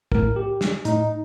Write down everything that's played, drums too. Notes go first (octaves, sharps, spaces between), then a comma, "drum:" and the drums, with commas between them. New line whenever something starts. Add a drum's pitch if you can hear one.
A2 A#4, drum: kick
G4
drum: snare
A2 D#4, drum: hi-hat